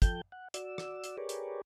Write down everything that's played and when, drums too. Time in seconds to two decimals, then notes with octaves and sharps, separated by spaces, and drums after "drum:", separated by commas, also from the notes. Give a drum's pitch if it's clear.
0.02 F3 A4 G5 G6, drum: kick, hi-hat
0.32 F#5
0.54 F#4 D5 E6, drum: hi-hat
0.78 drum: rim click
1.04 drum: hi-hat
1.18 G4 G#4 A#4 B4 C#5 D5
1.29 drum: hi-hat